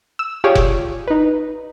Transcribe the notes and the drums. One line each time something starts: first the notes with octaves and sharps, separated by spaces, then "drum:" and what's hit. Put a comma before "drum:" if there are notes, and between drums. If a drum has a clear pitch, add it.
E6
F4 G4 G#4 C#5 D5
drum: kick F1
D#4 B4